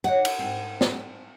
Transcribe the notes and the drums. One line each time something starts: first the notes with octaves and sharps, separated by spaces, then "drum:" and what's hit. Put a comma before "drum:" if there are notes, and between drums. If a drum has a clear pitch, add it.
D3 D#4 C#5 F#5
drum: cymbal
G#2 C4
drum: snare